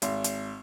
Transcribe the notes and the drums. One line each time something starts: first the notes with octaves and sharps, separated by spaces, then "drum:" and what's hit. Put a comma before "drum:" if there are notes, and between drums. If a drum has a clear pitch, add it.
G#1, drum: hi-hat
drum: hi-hat